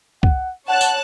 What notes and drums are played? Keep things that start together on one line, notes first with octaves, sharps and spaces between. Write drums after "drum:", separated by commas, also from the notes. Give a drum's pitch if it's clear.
F#5, drum: kick
C#5 F#5 A5 F#6
drum: tambourine